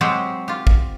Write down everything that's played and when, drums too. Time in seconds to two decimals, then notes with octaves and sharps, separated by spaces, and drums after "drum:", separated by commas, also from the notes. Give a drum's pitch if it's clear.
0.01 F#3 G#3 C4 G4 C5
0.48 F4 G4
0.67 drum: kick